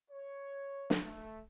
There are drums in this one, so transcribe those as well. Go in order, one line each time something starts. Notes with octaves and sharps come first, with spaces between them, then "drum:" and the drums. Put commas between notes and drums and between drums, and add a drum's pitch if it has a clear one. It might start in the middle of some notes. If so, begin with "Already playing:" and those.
C#5
drum: snare
A3